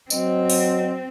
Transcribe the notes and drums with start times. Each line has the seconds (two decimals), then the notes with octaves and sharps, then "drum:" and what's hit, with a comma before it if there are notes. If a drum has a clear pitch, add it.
0.10 F#3 C4 D#5, drum: tambourine
0.50 drum: open hi-hat